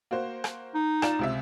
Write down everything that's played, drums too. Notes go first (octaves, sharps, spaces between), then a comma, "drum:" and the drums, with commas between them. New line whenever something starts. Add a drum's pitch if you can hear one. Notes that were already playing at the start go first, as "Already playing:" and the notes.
A#3 F#4 C5
drum: rim click
D#4
F4 D5 E7, drum: rim click
C#2 C3 E5